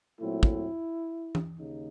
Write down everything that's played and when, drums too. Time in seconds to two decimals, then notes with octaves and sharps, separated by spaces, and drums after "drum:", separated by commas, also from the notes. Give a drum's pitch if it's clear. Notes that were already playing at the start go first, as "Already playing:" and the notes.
0.20 A#2 F#3 A3 C4 E4
0.43 drum: kick
1.35 drum: tom E3
1.58 D#2 C#3 D#4